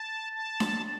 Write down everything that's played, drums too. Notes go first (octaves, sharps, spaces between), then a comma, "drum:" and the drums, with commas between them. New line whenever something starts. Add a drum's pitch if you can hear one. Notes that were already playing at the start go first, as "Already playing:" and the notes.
Already playing: A5
A5
drum: snare D4